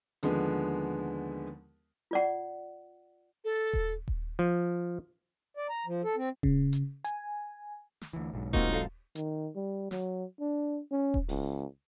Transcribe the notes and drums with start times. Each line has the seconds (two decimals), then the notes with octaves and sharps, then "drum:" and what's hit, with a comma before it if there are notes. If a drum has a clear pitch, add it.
0.23 D#2 D3 F3 G#3 B3, drum: hi-hat
2.11 F4 D5 F#5
3.44 A4
3.73 drum: kick D#1
4.08 drum: kick D#1
4.39 F3
5.57 D5
5.69 A#5
5.86 F3
6.04 A4
6.16 C4
6.43 C#3, drum: kick D#1
6.73 drum: hi-hat
7.04 G#5, drum: hi-hat
8.01 drum: snare
8.13 D2 E3
8.34 B1 G#2
8.53 A#3 C4 D#4 F4 F#4, drum: kick D#1
8.72 F#2 A4 F5
9.15 D#3, drum: hi-hat
9.56 G3
9.91 F#3, drum: snare
10.40 D4
10.92 C#4
11.14 drum: kick D#1
11.29 C#2, drum: open hi-hat